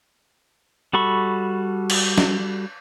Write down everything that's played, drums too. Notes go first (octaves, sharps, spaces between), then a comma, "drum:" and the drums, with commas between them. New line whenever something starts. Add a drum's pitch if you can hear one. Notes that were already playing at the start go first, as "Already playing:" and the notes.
G3 F#4 A4 B5 C#6
drum: cymbal
drum: snare